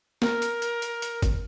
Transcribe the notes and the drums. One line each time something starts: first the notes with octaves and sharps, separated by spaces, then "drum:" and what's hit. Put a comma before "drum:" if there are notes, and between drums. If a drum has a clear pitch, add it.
A#4, drum: snare
drum: hi-hat
drum: hi-hat
drum: hi-hat
drum: hi-hat
drum: kick G#1, hi-hat